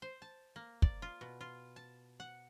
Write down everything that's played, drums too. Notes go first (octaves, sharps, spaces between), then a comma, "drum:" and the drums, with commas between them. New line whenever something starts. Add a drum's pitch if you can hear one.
C5
A5
A#3
D5, drum: kick
F4
B2
F4
A5
F#5